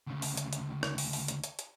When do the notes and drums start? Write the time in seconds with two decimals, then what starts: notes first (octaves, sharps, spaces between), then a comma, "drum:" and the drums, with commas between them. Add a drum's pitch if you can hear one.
0.07 D2 C#3
0.22 drum: open hi-hat
0.37 drum: hi-hat
0.53 drum: hi-hat
0.83 drum: rim click
0.98 drum: open hi-hat
1.13 drum: open hi-hat
1.28 drum: hi-hat
1.44 drum: hi-hat
1.59 drum: hi-hat